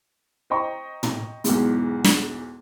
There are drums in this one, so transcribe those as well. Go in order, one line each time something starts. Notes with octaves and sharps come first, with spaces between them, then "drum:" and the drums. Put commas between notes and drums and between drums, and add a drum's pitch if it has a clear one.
C5 D#5 G5 A#5 C#6
drum: tom
B1 E2 G#2, drum: hi-hat
drum: snare